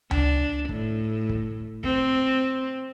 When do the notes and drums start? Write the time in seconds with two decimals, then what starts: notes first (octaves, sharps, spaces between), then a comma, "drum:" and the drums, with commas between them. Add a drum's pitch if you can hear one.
0.11 D4, drum: tom C#2
0.69 A2, drum: kick
1.29 drum: kick
1.84 C4, drum: kick